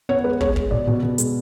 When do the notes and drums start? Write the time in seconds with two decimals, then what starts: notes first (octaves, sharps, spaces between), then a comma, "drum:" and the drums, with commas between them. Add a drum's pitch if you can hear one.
0.09 B3 C#5
0.24 G#3 B4
0.41 G#3 C#5, drum: kick
0.56 G#3, drum: kick
0.71 B2 D5
0.87 B2
1.03 B2
1.18 G#3, drum: hi-hat